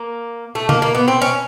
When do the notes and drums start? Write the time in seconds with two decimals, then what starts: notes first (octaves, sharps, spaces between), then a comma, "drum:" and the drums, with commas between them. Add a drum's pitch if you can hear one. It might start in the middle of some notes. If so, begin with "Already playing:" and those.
Already playing: A#3
0.55 A3
0.69 A#3, drum: tom C#3
0.82 A#3
0.95 B3
1.08 C4
1.22 C#4